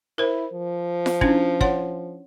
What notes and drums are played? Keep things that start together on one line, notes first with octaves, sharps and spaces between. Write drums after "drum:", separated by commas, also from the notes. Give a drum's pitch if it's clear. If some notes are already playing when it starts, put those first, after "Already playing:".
E4 A#4 C5
F3
drum: snare F4
C#4 D4 E4, drum: kick
C#5 F#5 C6, drum: kick